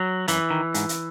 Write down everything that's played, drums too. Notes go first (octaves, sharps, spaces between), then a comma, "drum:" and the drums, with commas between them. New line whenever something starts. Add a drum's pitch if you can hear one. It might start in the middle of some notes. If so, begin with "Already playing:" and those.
Already playing: F#3
F#2 E3, drum: hi-hat
D#3
G#2, drum: hi-hat
drum: hi-hat